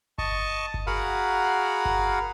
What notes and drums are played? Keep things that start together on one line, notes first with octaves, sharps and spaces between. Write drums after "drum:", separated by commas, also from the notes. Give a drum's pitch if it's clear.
D#5 A5 C#6, drum: kick G1
drum: kick G1
F#4 G#4 A#4 F5 F#5 B5
drum: kick G1